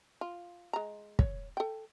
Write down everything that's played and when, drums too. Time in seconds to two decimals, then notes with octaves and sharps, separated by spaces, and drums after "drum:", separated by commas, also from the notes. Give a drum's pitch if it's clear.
0.21 F4
0.73 G#3 A#5
1.19 C#5, drum: kick
1.57 A4 G5